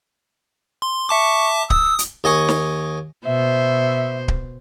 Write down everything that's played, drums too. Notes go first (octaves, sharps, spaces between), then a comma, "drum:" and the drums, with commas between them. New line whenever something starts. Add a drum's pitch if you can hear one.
C6
E5 A5 C#6 D6
D#6 E6, drum: kick D1
drum: hi-hat
D#2 D#5 G#5 C#6 D#6
drum: snare
B2 C5 E5
drum: kick D1